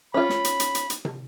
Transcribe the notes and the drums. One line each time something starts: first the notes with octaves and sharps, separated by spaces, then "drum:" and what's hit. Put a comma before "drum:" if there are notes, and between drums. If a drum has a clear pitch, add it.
C#4 F4 B5
drum: snare
drum: hi-hat
drum: hi-hat
drum: hi-hat
drum: hi-hat
drum: tom C3